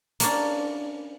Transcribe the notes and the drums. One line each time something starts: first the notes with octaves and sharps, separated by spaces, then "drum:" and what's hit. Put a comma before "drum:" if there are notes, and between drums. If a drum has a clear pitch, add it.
A#3 C#4 D4, drum: hi-hat